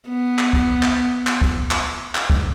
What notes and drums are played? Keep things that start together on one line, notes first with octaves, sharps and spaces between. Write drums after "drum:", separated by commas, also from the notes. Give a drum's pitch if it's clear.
B3
drum: clap
drum: kick
drum: clap
drum: clap
drum: kick
drum: clap
drum: clap
drum: kick